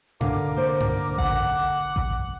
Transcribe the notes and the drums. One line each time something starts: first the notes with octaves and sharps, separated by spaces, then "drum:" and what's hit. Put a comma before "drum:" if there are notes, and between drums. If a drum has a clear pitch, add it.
D3 A#4 F5 G#5 D6, drum: tom G2
A#3 C5 D5
drum: tom G2
F#5, drum: kick A1
drum: kick A1